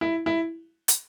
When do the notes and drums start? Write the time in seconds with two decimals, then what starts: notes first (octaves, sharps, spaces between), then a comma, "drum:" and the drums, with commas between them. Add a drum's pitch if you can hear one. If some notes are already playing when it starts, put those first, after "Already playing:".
0.01 E4
0.26 E4
0.88 drum: hi-hat